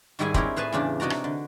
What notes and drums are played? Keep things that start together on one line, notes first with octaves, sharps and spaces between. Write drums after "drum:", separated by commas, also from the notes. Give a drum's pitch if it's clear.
G#2 D#3 G3 E4 G#4 G#5
C4 E4 G4 G#4 A#4 C#5, drum: kick
A2 G#4 B4 G#5 A5
E2 C#3 D4 G4
C3 D#4 F#4 D5 A#5
drum: rim click
D3